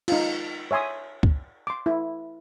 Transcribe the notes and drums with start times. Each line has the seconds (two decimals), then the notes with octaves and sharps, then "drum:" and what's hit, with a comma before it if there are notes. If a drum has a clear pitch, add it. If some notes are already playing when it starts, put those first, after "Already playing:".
0.08 D#4 F4, drum: cymbal
0.71 C#5 E5 G#5 C6 D#6
1.23 drum: kick
1.67 C6 D6
1.86 E4